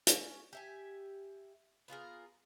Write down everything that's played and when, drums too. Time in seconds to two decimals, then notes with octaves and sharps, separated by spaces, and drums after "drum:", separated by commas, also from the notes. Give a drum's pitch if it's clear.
0.07 C#4, drum: hi-hat
0.53 G4 E5 G#5
1.88 B3 F4 G#4 A#4